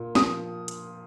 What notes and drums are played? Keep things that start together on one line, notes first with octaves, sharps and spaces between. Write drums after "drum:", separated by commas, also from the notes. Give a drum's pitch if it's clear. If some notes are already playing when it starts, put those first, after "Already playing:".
Already playing: A#2
F3 D#6, drum: snare
drum: hi-hat